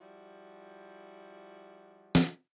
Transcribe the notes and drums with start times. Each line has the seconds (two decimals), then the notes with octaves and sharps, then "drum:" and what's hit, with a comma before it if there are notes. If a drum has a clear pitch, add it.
0.01 F3 G3 E4 F#4
2.15 drum: snare